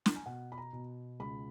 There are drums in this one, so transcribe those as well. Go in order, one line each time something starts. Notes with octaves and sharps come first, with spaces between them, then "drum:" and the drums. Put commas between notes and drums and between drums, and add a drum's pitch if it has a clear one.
A#5, drum: snare
G#5
B2 F#5
B5
A#5
B2
C#2 B5